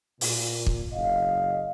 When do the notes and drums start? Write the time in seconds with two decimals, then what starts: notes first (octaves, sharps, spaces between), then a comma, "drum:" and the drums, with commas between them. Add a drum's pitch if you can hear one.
0.21 A#2, drum: open hi-hat
0.66 drum: kick
0.93 F#1 D#5 F5